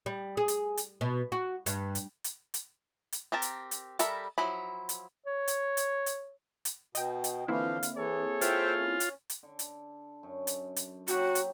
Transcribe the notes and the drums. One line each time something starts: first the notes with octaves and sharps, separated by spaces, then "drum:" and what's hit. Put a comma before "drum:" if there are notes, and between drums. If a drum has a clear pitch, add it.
G3
G#4
drum: hi-hat
drum: hi-hat
B2
F#4
G2, drum: hi-hat
drum: hi-hat
drum: hi-hat
drum: hi-hat
drum: hi-hat
C4 G4 A#4 A5
drum: hi-hat
drum: hi-hat
G3 A4 A#4 E5 B5, drum: hi-hat
F3 F#3 E4 B5
drum: hi-hat
C#5
drum: hi-hat
drum: hi-hat
drum: hi-hat
drum: hi-hat
B2 D#5 G5, drum: hi-hat
drum: hi-hat
D3 E3 F3 A#3 C4 E4 F5
drum: hi-hat
E3 G#4 A4 C#5
F4 C5 E5 G5, drum: hi-hat
C#4
drum: hi-hat
drum: hi-hat
D3
drum: hi-hat
F#2
drum: hi-hat
drum: hi-hat
F#3 A#3 F#4 G4, drum: hi-hat
drum: hi-hat